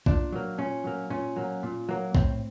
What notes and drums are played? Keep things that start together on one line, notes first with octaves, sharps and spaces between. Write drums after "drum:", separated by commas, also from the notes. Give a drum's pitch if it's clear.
A#2 D4, drum: kick A#1
F#3 A#3
A#2 C#4
F#3 A#3
A#2 C#4
F#3 A#3
A#2
F#3 A#3
A2 C4, drum: kick A#1